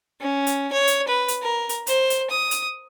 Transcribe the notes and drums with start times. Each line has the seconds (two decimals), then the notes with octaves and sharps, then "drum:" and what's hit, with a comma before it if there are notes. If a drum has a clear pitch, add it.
0.21 C#4
0.47 drum: hi-hat
0.73 C#5
0.87 drum: hi-hat
1.08 B4
1.28 drum: hi-hat
1.42 A#4
1.69 drum: hi-hat
1.87 C5, drum: hi-hat
2.10 drum: hi-hat
2.30 D#6
2.51 drum: hi-hat